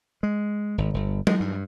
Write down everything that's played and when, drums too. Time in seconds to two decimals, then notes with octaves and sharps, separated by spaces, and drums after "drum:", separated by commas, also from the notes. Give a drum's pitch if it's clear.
0.23 G#3
0.78 G#1
0.94 G1
1.27 G#3, drum: tom F#3
1.40 G2